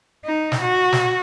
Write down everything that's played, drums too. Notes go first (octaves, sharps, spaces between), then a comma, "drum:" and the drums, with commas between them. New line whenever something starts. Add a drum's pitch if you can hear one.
D#4
drum: snare
F#4
drum: snare